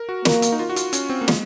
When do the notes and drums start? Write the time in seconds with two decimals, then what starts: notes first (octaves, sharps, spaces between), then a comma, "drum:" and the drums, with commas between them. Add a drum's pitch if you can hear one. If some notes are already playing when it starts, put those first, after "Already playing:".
Already playing: A#4
0.09 F#4
0.25 A#3, drum: snare
0.42 drum: hi-hat
0.52 D#4
0.59 F4
0.70 F#4
0.76 F4, drum: hi-hat
0.93 C#4, drum: hi-hat
1.09 C4
1.21 A#3
1.28 G#3, drum: snare